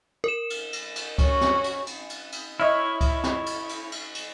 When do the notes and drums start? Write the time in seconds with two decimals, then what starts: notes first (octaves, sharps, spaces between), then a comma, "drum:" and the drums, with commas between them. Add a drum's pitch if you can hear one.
0.24 A#4 E7
0.50 drum: cymbal
0.73 drum: cymbal
0.96 drum: cymbal
1.18 C#4 F#4, drum: kick C#2, cymbal
1.41 drum: snare
1.64 drum: cymbal
1.87 drum: cymbal
2.10 drum: cymbal
2.32 drum: cymbal
2.60 E4 C#5 D#5 E5 F6
3.01 drum: kick C#2, cymbal
3.24 drum: snare
3.46 drum: cymbal
3.69 drum: cymbal
3.92 drum: cymbal
4.15 drum: cymbal